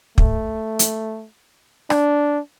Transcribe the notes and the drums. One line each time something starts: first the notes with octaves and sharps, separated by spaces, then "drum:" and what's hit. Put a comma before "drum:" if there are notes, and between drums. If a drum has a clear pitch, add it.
A3, drum: kick
drum: hi-hat
D4, drum: rim click